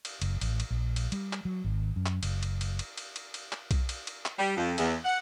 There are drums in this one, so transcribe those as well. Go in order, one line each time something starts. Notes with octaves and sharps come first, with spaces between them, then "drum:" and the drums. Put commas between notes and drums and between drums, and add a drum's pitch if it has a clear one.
drum: cymbal
F#1, drum: cymbal
A1, drum: cymbal
drum: cymbal
A#1
drum: cymbal
G3, drum: cymbal
drum: clap
F#3
G#1
F#2
drum: clap
F#1, drum: cymbal
drum: cymbal
drum: cymbal
drum: cymbal
drum: cymbal
drum: cymbal
drum: cymbal
drum: clap
drum: kick B1, cymbal
drum: cymbal
drum: cymbal
drum: clap
G3
F2
E2, drum: cymbal
F#5